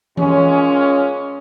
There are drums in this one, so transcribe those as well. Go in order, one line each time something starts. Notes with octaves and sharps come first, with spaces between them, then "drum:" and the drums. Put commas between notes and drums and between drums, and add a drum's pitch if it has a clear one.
A#2 G#3 C#4, drum: tom E3